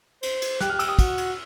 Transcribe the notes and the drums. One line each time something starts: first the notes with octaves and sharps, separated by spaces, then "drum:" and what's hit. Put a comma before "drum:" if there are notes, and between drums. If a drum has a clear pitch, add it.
C5, drum: cymbal
drum: cymbal
G4 F#6, drum: snare
F6
G4
E6, drum: cymbal
G4 D#6
F#4, drum: kick, cymbal
drum: cymbal